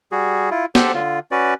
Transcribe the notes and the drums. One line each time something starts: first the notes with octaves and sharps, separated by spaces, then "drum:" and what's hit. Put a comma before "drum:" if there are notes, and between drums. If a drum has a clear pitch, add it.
G3 F#4 G#4
E4 F4
G4 A4 C5 F#5, drum: snare
D3 F4
C#4 F#4 B4 D5